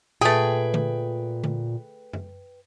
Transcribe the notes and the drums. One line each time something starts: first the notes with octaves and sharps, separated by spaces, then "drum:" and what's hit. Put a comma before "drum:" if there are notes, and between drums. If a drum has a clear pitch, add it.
A#2 A3 G#4 B4 G5
drum: tom D3
drum: tom D3
drum: tom F#2